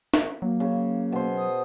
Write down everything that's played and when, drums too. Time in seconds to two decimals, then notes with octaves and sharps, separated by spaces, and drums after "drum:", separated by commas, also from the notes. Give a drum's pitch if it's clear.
0.14 drum: snare
0.42 F#3 A#3
0.60 C#3 C#4
1.12 B2 G#4 C5
1.37 D#6